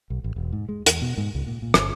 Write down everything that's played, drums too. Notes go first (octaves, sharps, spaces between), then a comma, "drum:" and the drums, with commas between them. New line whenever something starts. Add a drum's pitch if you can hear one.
B1
A1
E1
G#2
G#3
E2, drum: hi-hat
B2
G#2
C#2
A#2
A#2
G1, drum: rim click